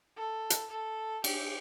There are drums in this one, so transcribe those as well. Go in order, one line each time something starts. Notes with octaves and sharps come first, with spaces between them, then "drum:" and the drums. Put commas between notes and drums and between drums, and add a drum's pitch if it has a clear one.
A4
drum: hi-hat
A4
G4, drum: cymbal